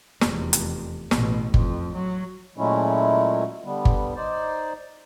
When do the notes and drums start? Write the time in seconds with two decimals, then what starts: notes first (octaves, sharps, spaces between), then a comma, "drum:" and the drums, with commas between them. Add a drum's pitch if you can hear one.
0.21 F1 E2, drum: snare
0.53 drum: hi-hat
1.11 A1 B2, drum: snare
1.54 F2, drum: kick G1
1.94 F#3
2.58 A#2 F#3 G#3 A3 C#4 E4
3.65 D3 G3 B3
3.85 drum: kick G1
4.16 D#4 C5 D5